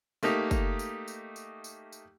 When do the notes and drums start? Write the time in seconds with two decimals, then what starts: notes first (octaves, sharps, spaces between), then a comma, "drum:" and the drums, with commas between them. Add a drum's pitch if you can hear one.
0.23 A3 A#3 D#4 G4, drum: tambourine
0.51 drum: kick, tambourine
0.79 drum: tambourine
1.08 drum: tambourine
1.36 drum: tambourine
1.64 drum: tambourine
1.92 drum: tambourine